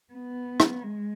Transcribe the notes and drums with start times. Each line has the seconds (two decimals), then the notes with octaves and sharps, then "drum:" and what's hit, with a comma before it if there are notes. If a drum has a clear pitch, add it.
0.13 B3
0.60 drum: rim click
0.83 G#3